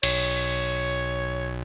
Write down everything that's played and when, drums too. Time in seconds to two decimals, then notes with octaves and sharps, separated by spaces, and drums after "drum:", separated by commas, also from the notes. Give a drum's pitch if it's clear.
0.03 B1 C#5, drum: cymbal